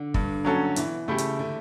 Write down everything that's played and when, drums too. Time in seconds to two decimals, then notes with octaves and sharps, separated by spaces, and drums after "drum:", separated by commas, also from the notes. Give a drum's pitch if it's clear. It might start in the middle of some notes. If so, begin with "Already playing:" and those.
Already playing: D3
0.14 G2, drum: kick
0.45 F#3 C#4 F#4 A4
0.76 B2 E3, drum: hi-hat
1.08 C#3 A3 E4 G4
1.18 drum: hi-hat
1.39 D3